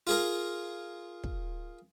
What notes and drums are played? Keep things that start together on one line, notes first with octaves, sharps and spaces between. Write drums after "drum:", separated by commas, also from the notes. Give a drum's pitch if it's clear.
F4 G#4 A#4
drum: kick